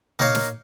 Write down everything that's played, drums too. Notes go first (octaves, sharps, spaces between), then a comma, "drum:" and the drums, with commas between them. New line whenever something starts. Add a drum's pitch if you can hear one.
A#3 D#4 A#4 C#5 F5, drum: tom A#2
drum: snare